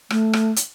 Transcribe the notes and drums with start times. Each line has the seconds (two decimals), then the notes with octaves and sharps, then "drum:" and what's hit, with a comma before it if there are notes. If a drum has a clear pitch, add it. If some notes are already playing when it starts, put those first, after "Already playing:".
0.10 A3, drum: rim click
0.33 drum: rim click
0.56 drum: hi-hat